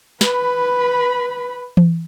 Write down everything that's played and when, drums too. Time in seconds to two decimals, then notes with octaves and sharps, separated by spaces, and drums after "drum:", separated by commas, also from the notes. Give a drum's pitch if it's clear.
0.21 B4 B5, drum: snare
1.77 drum: tom E3